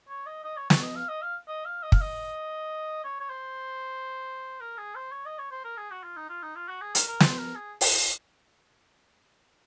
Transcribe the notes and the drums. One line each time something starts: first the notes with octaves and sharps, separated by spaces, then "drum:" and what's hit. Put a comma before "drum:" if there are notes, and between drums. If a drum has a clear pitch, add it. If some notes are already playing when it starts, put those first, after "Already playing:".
C#5
D#5
D#5
C#5
C#5, drum: snare
D#5
F5
D#5
F5
D#5
F5
D#5
F5, drum: kick
D#5
C#5
C#5
C5
A#4
G#4
C5
C#5
D#5
C#5
C5
A#4
G#4
F#4
F4
D#4
F4
D#4
F4
F#4
G#4
A#4, drum: hi-hat
A#4
C5, drum: snare
A#4
G#4
drum: open hi-hat